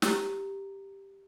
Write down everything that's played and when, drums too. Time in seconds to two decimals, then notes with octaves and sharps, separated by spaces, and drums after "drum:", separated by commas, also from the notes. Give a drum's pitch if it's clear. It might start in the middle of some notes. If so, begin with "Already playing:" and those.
0.02 G4 A#5, drum: snare